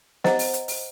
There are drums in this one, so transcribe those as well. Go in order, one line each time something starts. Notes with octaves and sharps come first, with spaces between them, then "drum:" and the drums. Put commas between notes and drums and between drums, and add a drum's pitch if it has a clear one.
C5 D#5 F#5 A#5, drum: snare
drum: open hi-hat
drum: hi-hat
drum: open hi-hat